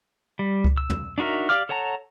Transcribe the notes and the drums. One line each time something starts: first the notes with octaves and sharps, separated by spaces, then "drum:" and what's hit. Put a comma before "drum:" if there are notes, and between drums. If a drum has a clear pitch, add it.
G3
drum: kick C#2
E6
drum: tom
D4 D#4 F#4 A#4 E5
G4 D5 F5 D6 F6
A4 C#5 F#5 A5 A#5